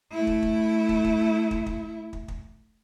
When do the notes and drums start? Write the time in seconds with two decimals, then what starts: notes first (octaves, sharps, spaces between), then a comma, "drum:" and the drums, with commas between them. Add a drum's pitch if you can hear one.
0.12 A3 E4
0.27 drum: kick
0.42 drum: kick
0.89 drum: kick
1.04 drum: kick
1.51 drum: kick
1.66 drum: kick
2.13 drum: kick
2.28 drum: kick